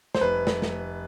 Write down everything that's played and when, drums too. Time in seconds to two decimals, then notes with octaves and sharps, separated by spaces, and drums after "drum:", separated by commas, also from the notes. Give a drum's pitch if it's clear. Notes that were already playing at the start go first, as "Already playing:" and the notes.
0.15 C5, drum: snare
0.21 F1 B4
0.47 drum: snare
0.62 drum: snare